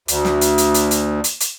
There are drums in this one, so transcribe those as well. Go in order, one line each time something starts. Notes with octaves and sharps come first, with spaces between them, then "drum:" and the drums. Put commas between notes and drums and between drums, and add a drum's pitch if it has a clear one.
D2, drum: hi-hat
drum: snare
drum: hi-hat
drum: hi-hat
drum: hi-hat
drum: hi-hat
drum: hi-hat
drum: hi-hat